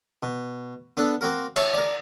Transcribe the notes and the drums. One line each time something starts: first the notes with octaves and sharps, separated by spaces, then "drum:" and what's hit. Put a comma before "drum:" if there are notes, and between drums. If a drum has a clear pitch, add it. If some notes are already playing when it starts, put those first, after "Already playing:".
B2
B3 D4 A4
A#3 C4 F#4 A#4
C#5 E5 A5 C#6, drum: cymbal
A#4 D5